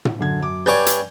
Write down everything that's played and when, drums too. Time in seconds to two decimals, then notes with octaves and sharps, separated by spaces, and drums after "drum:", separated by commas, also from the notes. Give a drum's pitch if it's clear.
0.05 drum: tom
0.19 F#2 D3 G#6
0.40 F#2 D6
0.66 G2 C#5 D5 G#5 D6 G6
0.86 drum: hi-hat